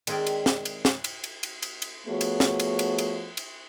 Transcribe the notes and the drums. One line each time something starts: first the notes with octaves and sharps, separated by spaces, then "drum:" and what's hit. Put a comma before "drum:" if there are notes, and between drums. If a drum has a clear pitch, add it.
D#3 G#3 C4 G#4 A#4 D5, drum: cymbal
drum: cymbal
drum: snare
drum: cymbal
drum: snare
drum: cymbal
drum: cymbal
drum: cymbal
drum: cymbal
drum: cymbal
F3 A3 B3 F#4 G#4 C#5
drum: cymbal
drum: snare
drum: cymbal
drum: cymbal
drum: cymbal
drum: cymbal